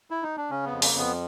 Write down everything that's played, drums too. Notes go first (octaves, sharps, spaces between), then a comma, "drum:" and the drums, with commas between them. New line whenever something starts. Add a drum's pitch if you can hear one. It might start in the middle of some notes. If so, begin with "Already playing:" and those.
E4
D#4
D4
C#3 C#4
B3
F2
A#3, drum: open hi-hat
F2 B3